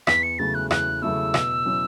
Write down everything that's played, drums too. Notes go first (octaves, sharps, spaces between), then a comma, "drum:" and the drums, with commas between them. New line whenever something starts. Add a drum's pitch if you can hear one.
E2 B6, drum: rim click
C#7
C#3 F#3 A3 E4 A6
F#6
E2 F#6, drum: rim click
C#3 F#3 A3 E4 E6
B2, drum: rim click
F#3 C#4 E4